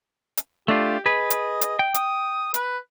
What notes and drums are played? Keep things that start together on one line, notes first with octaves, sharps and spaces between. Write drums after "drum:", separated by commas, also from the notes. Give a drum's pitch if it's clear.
drum: hi-hat
A3 D4 F4 G4
G#4 B4 D#5
drum: hi-hat
drum: hi-hat
G5
D#6, drum: hi-hat
B4, drum: hi-hat